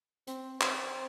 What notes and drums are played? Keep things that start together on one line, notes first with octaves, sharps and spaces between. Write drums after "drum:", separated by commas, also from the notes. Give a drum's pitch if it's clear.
C4, drum: hi-hat
C4, drum: clap